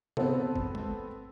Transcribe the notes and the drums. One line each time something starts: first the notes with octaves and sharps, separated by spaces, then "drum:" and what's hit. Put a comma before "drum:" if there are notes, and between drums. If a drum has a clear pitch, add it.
B3 C4 A4, drum: tom C3
drum: kick G1
drum: tom